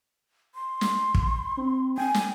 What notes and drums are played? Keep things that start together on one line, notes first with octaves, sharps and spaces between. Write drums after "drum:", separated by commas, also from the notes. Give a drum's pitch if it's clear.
C6
drum: snare
drum: kick
C4
G5 G#5
drum: snare